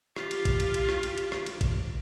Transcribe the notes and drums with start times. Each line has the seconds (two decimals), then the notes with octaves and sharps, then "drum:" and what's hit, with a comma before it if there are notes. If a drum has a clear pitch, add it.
0.16 F4 G4, drum: rim click
0.31 drum: cymbal
0.45 drum: kick A1, cymbal
0.60 drum: cymbal
0.74 drum: cymbal
0.89 drum: rim click
1.03 drum: cymbal
1.18 drum: cymbal
1.32 drum: rim click
1.46 drum: cymbal
1.61 drum: kick A1, cymbal